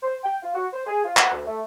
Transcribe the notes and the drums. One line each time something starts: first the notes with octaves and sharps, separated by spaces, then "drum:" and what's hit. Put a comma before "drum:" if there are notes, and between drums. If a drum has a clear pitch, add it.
C5
G5
F4
F#4
C5
G#4
F4
F#5, drum: clap
D2
A3